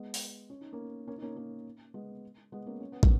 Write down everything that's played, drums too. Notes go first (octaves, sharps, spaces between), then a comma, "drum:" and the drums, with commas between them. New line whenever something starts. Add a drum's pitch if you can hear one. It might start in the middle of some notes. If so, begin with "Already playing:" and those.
Already playing: G#3 B3
drum: open hi-hat
C#4
D#4
A#3 C#4
A#3 C#4
D#4
A#3 C#4
A#3 C#4
G#3 B3
G#3 B3
A#3 C#4
C#4
B3
A#3 C#4, drum: kick